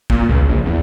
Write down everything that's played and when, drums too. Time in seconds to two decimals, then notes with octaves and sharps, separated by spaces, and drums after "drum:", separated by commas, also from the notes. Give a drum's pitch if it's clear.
0.10 A#2, drum: kick
0.28 C#2
0.48 A#1
0.66 E2